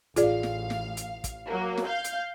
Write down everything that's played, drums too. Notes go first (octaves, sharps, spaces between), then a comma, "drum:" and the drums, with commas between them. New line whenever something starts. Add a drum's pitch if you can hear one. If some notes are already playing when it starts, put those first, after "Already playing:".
A1 F4 G#4 D5 F5, drum: hi-hat
drum: snare
drum: snare
drum: hi-hat
drum: kick, hi-hat
F#3 A#3
drum: snare
F5 G6
drum: hi-hat